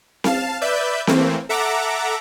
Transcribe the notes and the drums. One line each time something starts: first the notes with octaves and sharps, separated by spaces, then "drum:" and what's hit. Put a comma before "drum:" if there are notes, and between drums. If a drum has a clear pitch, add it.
F5 A5, drum: snare C4
B4 D5 E5 G6
E3 A3 A#3 C4, drum: snare C4
A4 E5 F#5 A#5 D6